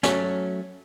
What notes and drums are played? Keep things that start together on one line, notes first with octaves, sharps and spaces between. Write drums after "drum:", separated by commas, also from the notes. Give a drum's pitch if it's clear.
F#3 A3 C#4, drum: snare